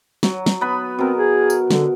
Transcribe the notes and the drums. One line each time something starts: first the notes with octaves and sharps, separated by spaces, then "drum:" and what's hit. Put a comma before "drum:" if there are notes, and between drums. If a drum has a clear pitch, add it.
F#3, drum: snare
drum: snare
B3 B4 B5
B2 C4 A#4
G#4
drum: tambourine
D3, drum: snare